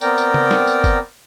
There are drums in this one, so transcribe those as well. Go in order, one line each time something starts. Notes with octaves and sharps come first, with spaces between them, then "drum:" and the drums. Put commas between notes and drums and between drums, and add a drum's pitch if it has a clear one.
B3 C4 A#4 D5 G5 A#5, drum: tambourine
drum: tambourine
drum: tom C#3
drum: snare
drum: tambourine
drum: kick F#1, tambourine